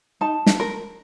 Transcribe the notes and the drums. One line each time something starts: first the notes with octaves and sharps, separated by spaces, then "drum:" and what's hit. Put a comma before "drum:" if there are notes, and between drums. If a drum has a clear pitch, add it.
D#4 A5
drum: snare
A#4